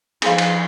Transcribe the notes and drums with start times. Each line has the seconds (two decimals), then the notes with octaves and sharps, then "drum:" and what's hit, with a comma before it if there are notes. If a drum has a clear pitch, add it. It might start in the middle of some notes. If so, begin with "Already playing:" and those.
0.22 F3 D#4 G#4 C5 F5, drum: cymbal
0.38 drum: cymbal